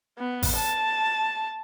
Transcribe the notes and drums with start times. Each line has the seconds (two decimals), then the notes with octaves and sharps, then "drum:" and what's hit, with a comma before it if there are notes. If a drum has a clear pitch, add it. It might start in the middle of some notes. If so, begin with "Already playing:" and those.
0.19 B3
0.43 drum: kick G#1, open hi-hat
0.56 A5